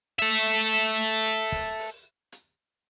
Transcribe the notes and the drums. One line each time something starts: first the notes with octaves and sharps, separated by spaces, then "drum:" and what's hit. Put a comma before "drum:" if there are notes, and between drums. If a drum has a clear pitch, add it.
A4 E5, drum: hi-hat
drum: hi-hat
drum: hi-hat
drum: hi-hat
drum: kick, open hi-hat
drum: open hi-hat
drum: hi-hat